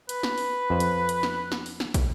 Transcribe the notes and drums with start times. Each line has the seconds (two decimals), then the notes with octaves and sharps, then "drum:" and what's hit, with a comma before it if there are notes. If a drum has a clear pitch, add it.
0.09 B4, drum: hi-hat
0.23 drum: snare
0.38 drum: open hi-hat
0.70 F2 C5
0.80 drum: hi-hat
1.09 drum: hi-hat
1.23 drum: snare
1.52 drum: snare
1.66 drum: open hi-hat
1.80 drum: snare
1.94 drum: kick, hi-hat